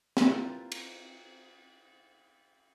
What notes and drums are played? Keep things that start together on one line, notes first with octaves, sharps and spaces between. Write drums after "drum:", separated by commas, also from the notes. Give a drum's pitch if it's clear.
C4 E4 F4 A#4 B4 D5, drum: snare
drum: cymbal